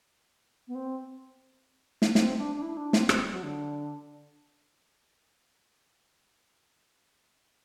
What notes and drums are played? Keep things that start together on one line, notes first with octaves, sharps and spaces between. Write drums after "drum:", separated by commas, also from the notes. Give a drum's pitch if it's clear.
B3
C4
drum: snare
C4, drum: snare
D4
D4
E4
D4
C4, drum: snare
C4, drum: rim click
G3
F#3
D3